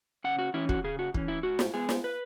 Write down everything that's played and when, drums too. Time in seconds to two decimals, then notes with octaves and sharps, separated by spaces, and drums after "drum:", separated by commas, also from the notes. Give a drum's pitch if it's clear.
0.24 C#3 F#5
0.39 F#4
0.54 E3 C#4 E4
0.69 F#4, drum: kick
0.84 C#3 G#4
0.99 F#4
1.14 E3 C#4, drum: kick
1.28 E4
1.43 G#2 F#4
1.59 drum: snare
1.74 G#3 B3 G#4
1.89 drum: snare
2.04 B4